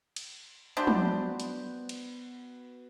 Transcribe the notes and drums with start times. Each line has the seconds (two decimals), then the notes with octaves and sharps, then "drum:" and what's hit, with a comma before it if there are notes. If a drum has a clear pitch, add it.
0.16 drum: cymbal
0.77 B3 D4 F#4 G4 C5
0.87 drum: tom
1.40 drum: hi-hat
1.89 drum: cymbal